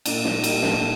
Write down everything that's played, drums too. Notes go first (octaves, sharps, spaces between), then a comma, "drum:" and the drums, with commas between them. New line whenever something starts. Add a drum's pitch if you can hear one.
A#2 D4, drum: cymbal
D#4, drum: snare
G3
G4, drum: cymbal
A#2
A4, drum: snare